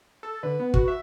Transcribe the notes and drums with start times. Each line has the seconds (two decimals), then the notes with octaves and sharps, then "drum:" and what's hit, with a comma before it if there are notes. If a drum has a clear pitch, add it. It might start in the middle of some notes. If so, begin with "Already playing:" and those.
0.23 A4
0.43 D3 B4
0.60 B3
0.74 F#4, drum: kick
0.88 E5